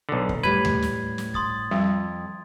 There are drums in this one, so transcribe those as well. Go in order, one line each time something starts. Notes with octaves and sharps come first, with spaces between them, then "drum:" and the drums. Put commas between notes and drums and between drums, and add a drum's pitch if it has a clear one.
B1 D3
drum: kick
A2 G3 B4 G#6
drum: tom D#2
drum: snare
drum: snare
C6 D#6 A6, drum: kick
F2 G3